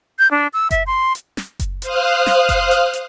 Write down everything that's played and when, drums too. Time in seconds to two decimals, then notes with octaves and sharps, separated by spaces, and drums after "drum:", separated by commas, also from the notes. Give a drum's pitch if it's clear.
0.19 G6
0.31 D4
0.53 E6
0.71 E5, drum: kick F#1, hi-hat
0.87 C6
1.15 drum: hi-hat
1.37 drum: snare
1.59 drum: kick F#1, hi-hat
1.82 C5 F5 D#6 F6 F#6, drum: hi-hat
2.26 drum: snare
2.49 drum: kick F#1, hi-hat
2.71 drum: hi-hat
2.93 drum: hi-hat